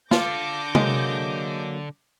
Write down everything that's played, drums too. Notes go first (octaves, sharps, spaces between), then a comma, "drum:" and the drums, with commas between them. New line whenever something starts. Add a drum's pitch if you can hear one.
D3 F4 A4 D6 G6 A#6, drum: snare
F#3 G#3 A#3, drum: tom C3